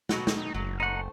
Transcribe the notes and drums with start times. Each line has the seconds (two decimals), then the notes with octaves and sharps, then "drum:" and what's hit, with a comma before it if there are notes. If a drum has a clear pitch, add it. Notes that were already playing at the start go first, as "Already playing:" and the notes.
0.09 B2 F#3 F#4, drum: snare
0.27 drum: snare
0.37 D#4
0.55 F#1 F#3
0.80 A3 D#4 C5 F#5